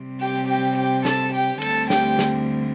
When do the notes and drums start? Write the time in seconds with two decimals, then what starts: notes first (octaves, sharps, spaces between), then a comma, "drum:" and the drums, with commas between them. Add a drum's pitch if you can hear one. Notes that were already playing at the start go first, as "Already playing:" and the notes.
Already playing: C3 G3 C4
0.20 G4 G5
0.48 G4 G5
0.77 G4 G5
1.05 A4 A5, drum: snare
1.33 G4 G5
1.62 D2 D3 G3 C4 A4 A5, drum: cymbal
1.90 G4 G5, drum: snare
2.19 drum: snare